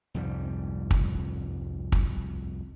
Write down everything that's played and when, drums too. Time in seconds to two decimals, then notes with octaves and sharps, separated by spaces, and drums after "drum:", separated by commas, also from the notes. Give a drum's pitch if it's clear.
0.14 C2 F2 G#2 G3
0.91 drum: kick
1.92 drum: kick